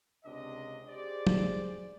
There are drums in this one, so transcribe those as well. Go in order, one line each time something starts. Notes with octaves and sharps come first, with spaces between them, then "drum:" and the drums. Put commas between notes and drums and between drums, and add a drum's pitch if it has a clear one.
C#2 C3 D4 D#5
G4 G#4 C5 D5
drum: tom